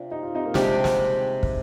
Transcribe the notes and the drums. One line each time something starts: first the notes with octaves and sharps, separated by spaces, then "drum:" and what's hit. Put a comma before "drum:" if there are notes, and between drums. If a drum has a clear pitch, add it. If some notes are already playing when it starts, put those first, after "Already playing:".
Already playing: C3 D4 F4
D#4
F4
C4 D#4
A#3
C3 G3 G#3 C4 D4 G4, drum: snare
drum: snare
drum: kick